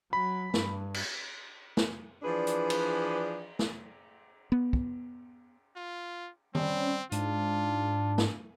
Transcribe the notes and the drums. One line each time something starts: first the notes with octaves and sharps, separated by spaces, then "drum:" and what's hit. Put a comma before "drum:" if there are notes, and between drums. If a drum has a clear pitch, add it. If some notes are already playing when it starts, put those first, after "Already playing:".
F#3 B5
G2, drum: snare
drum: cymbal
drum: snare
E3 F3 D4 G#4 B4 D5
drum: hi-hat
drum: cymbal
drum: snare
B3
drum: kick
F4
G3 C4 C#4, drum: tom D#3
G#2 D4 F4, drum: hi-hat
drum: snare